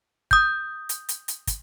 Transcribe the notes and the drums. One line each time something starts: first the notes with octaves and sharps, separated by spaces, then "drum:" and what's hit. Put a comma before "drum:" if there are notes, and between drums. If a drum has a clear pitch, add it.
D#6 G6, drum: kick
drum: hi-hat
drum: hi-hat
drum: hi-hat
drum: kick, hi-hat